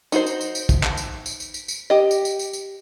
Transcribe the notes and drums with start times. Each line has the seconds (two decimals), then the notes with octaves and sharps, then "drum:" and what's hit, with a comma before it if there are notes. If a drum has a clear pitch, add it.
0.12 D#4 F#4 C5, drum: tambourine
0.27 drum: tambourine
0.41 drum: tambourine
0.55 drum: tambourine
0.69 drum: kick, tambourine
0.83 drum: clap
0.97 drum: tambourine
1.26 drum: tambourine
1.40 drum: tambourine
1.54 drum: tambourine
1.68 drum: tambourine
1.90 G4 D#5
2.11 drum: tambourine
2.25 drum: tambourine
2.39 drum: tambourine
2.53 drum: tambourine